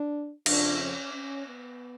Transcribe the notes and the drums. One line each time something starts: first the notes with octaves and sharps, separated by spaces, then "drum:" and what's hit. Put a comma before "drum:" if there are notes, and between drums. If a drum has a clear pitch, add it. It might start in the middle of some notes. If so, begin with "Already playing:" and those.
Already playing: D4
F2 C#3 F3 D4, drum: cymbal
C#4
C#4
B3